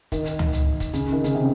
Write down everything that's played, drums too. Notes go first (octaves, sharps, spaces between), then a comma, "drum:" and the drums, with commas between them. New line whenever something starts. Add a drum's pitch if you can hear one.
D#3, drum: kick, hi-hat
drum: hi-hat
drum: tom C#2
drum: hi-hat
drum: kick, hi-hat
C#3, drum: hi-hat
D#3
C#3, drum: hi-hat
C3